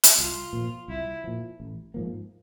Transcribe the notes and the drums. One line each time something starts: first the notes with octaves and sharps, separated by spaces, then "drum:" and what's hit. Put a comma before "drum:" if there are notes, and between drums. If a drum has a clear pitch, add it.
drum: hi-hat
C2 F4
A#2 F3
C2 E4
A#2 F3
A1
G#2 F3 A#3